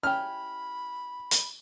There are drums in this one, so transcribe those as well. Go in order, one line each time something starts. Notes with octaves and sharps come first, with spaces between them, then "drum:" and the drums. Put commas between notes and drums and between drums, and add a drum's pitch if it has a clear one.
C#4 E4 G4 B5 F6
drum: hi-hat